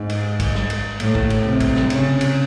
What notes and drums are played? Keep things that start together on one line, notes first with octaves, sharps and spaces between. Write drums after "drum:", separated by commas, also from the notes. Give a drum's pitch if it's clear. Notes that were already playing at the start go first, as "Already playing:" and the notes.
Already playing: G#2
drum: cymbal
drum: kick, cymbal
drum: snare
drum: cymbal
A2, drum: cymbal
drum: kick
drum: cymbal
C3
drum: kick, cymbal
drum: snare
C#3, drum: cymbal
drum: cymbal